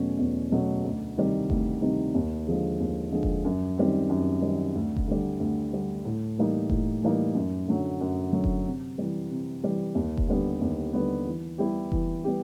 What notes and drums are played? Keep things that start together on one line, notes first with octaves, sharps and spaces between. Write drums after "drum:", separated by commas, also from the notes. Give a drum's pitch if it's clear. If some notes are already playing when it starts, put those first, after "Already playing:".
Already playing: E2 B2 F#3 A3 C#4
E2
B2 F#3 A3 C#4
D2
C3 D#3 G3
D2, drum: kick F1
C3 D#3 G3
D#2
D3 F3 G#3
D#2
D3 F3 G#3
drum: kick F1
F#2
D#3 G3 C4
F#2
D#3 G3 C4
D2
drum: kick F1
D3 G3
D2
D3 G3
A2
E3 G3 A#3 D#4
A2, drum: kick F1
E3 G3 A#3 D#4
F#2
D3 F#3
F#2
D3 F#3
drum: kick F1
C3
E3 G3
C3
E3 G3
D#2
drum: kick F1
D3 G3 B3
D#2
D3 G3 B3
E3
G3 B3 E4 G4
E3, drum: kick F1
G3 B3 E4 G4